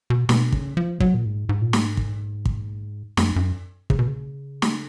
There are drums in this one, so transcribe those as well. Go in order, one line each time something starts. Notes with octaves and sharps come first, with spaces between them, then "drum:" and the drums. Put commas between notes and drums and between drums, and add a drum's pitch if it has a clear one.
B2
B2, drum: snare
C#3, drum: kick
F3
F#3, drum: kick
A#2
G#2
G#2
A#2
G#2, drum: snare
drum: kick
drum: kick
F#2, drum: snare
F#2
C#3, drum: kick
B2
C#3
drum: snare